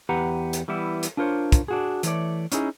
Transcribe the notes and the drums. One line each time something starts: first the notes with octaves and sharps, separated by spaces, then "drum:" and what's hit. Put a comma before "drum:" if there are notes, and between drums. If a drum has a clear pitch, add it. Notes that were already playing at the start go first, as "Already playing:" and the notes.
E2 G4 B4 F#5 A#5
drum: hi-hat
E3 G3 B3 E4
drum: hi-hat
D4 F4 A#4 C5 C#5
drum: kick, hi-hat
D4 F#4 G#4
E3 A3 C#5 D5, drum: hi-hat
C#4 D#4 E4 G#4, drum: hi-hat